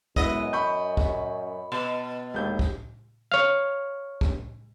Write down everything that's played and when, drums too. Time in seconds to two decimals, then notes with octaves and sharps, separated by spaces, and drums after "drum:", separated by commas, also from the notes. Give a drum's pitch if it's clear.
0.16 F#2 G#3 B3 E4 D#5, drum: kick
0.53 B5 C#6 G6
0.97 drum: kick
1.72 B2
2.34 E1 D#2 G6
2.59 drum: kick
3.32 C#5 F5
4.21 drum: kick